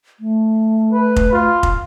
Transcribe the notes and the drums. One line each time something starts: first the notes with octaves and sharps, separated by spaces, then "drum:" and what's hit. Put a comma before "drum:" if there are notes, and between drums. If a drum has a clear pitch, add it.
A3
B4
drum: kick F1
F4
drum: kick F1